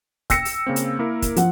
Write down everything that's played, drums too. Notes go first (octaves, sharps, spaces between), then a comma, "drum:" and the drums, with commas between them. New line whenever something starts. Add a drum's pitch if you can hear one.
G5 E6 A#6 C#7, drum: kick, hi-hat
drum: open hi-hat
C#3 A#3 C4
drum: hi-hat
A#3 E4 A#4
drum: kick, hi-hat
F3 F#5, drum: hi-hat